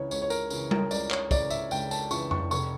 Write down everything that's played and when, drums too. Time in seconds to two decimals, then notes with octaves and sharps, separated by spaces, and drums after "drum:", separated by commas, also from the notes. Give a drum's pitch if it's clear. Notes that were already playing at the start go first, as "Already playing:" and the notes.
Already playing: C#2 C#3 E3 C#5
0.11 C#2 C#5, drum: tambourine
0.22 C#5
0.30 A#4, drum: tambourine
0.50 C#3 E3, drum: tambourine
0.71 A#4, drum: tom G3
0.91 C#2 D5, drum: tambourine
1.11 C#5, drum: clap
1.31 C#3 E3 D5, drum: kick, tambourine
1.50 E5, drum: tambourine
1.71 C#2 G5, drum: tambourine
1.91 A5, drum: tambourine
2.11 C#3 E3 C#6, drum: tambourine
2.31 C#6, drum: tom F2
2.51 F1 C#6, drum: tambourine